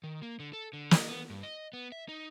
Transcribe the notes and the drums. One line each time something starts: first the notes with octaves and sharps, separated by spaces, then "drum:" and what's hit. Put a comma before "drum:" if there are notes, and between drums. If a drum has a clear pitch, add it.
D#3
A#3
D3
A4
D3
D#5, drum: snare
B3
G2
D#5
B3
E5
D#4